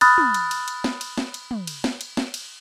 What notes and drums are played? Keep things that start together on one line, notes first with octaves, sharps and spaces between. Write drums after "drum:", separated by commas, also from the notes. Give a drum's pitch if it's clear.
B5 D#6 F6 F#6 A6, drum: cymbal
drum: tom
drum: cymbal
drum: cymbal
drum: cymbal
drum: snare
drum: cymbal
drum: snare
drum: cymbal
drum: tom
drum: cymbal
drum: snare
drum: cymbal
drum: snare
drum: cymbal